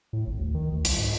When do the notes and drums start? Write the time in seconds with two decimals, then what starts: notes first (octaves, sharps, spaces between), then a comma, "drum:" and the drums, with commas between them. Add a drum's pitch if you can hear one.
0.13 A2
0.27 G#1
0.39 D2
0.54 D#3
0.71 D2
0.85 C2, drum: hi-hat
0.99 G#2